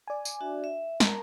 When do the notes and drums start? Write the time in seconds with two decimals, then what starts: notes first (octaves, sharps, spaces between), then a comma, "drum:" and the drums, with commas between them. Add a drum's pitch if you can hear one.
0.07 D5 G#5
0.25 drum: tambourine
0.41 D4 F#4 E5
0.64 E5
1.00 A#4 A5 A#5 C6, drum: snare